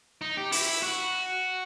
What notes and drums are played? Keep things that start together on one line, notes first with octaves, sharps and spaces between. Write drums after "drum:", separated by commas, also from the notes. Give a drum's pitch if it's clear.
D#4
G4
E4, drum: open hi-hat
F#4